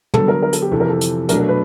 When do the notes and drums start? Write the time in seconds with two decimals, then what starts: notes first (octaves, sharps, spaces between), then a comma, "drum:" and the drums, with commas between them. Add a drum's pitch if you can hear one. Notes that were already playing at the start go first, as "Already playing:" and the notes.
0.14 D3 F#3 B3 A4, drum: tom
0.28 A#4
0.42 A#4
0.53 A4, drum: hi-hat
0.62 G4
0.72 F2 C3 E3 A4
0.80 A#4
0.89 A4
1.01 drum: hi-hat
1.29 B2 F#3 A3 D4 A#4, drum: hi-hat
1.39 A#4
1.49 B4